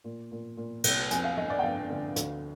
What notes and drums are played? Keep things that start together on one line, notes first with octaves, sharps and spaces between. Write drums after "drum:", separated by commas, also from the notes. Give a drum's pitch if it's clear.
A#2
A#2
A#2
C2, drum: cymbal
F2 G#5, drum: hi-hat
F5
G1 D#5
D5
G5
G1 F5
D3
D2, drum: hi-hat